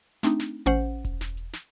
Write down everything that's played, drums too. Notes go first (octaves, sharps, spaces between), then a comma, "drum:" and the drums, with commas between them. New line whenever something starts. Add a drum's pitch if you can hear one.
A3 C4 D4 D#4, drum: snare
drum: snare
A1 C#4 C5 F#5
drum: kick E1, hi-hat
drum: snare
drum: hi-hat
drum: snare